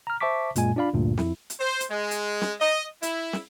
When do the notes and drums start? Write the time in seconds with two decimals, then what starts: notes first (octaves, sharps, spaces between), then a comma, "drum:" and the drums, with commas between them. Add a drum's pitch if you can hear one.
0.07 A#5 F6
0.21 C5 E5 A5 C#6 D6 B6
0.56 F#2 A#2 G#3 G#5, drum: hi-hat
0.76 D4 F4 D5 F5 B5
0.93 D2 G2 A#2
1.18 F2 E4, drum: snare
1.50 drum: hi-hat
1.60 C5
1.80 drum: hi-hat
1.91 G#3
2.11 drum: hi-hat
2.41 drum: snare
2.60 D#5
3.03 E4, drum: hi-hat
3.33 drum: snare